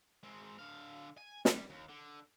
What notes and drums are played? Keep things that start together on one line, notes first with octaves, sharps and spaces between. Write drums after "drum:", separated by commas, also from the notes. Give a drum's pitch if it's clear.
G#3 C4
D3 F5
G#5
G3, drum: snare
D#2
D3